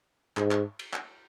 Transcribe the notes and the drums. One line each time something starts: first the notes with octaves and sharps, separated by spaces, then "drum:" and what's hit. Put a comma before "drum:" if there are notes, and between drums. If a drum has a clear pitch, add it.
G#2, drum: clap
drum: clap
drum: cymbal
drum: clap